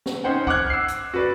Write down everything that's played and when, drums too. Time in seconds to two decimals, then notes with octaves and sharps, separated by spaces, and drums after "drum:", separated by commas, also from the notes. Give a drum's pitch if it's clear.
0.06 drum: snare
0.24 C#4 D#4 C5 F#5 G5
0.47 F#5 D6 F6 F#6 G#6, drum: kick
0.70 E6 C7
0.88 drum: hi-hat
1.14 F#4 B4 D5